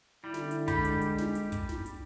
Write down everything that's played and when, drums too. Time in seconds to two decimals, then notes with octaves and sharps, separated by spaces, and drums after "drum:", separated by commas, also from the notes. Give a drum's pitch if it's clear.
0.24 D3 G3 E4
0.34 drum: snare
0.51 drum: hi-hat
0.68 G3 G#3 G4 B5, drum: kick, hi-hat
0.85 drum: hi-hat
1.01 drum: hi-hat
1.18 drum: snare
1.35 drum: hi-hat
1.52 drum: kick, hi-hat
1.69 drum: snare
1.86 drum: hi-hat